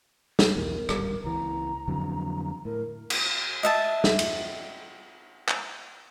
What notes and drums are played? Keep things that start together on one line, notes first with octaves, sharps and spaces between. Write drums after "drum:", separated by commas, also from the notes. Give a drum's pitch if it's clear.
drum: snare
B1 E2 A#4
D1 G#1 G3, drum: rim click
C#2 E3 A#5
F2 D3 F#3
A2 A#4
drum: cymbal
D#5 E5 A5
drum: snare
drum: cymbal
drum: clap